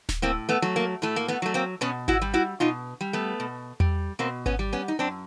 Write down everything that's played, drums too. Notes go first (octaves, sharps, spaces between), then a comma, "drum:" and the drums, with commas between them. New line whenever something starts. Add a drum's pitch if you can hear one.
drum: snare D1
A2 A#3 C4
A3 B3
F#3 A3
A#3
A2 A3
A#3
A3 B3
F#3 A3
A#3 C4
B2 B3 C#4
E4 F#4, drum: kick G#1
G3
E4 F#4
B2 D#4 F4
G3
A3 B3
B2
G3, drum: tom E2
B2 A#3 C4
B3 C#4, drum: kick G#1
G3
B3 C#4
D#4
F#2 C4 D4